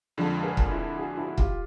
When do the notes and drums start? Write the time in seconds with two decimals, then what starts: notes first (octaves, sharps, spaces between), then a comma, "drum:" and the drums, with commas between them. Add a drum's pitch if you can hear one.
0.17 F2 D3 F3 G#3
0.43 G#4 A#4
0.57 drum: kick
0.71 E4
0.97 F#4 G#4
1.17 E4 F#4
1.38 F4 G4, drum: kick